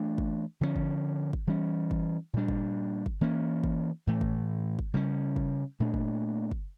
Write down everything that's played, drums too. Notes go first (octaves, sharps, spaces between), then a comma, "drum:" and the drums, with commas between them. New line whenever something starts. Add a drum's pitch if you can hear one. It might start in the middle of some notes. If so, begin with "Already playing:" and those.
Already playing: E3 A3 D4
drum: kick
D3 F3 A3 C#4
drum: kick
drum: kick
E3 G3 C#4
drum: kick
A#2 G3 D4
drum: kick
drum: kick
E3 A#3 C#4
drum: kick
A2 E3 A3
drum: kick
drum: kick
C#3 G3 C#4
drum: kick
A#2 A3 D4
drum: kick
drum: kick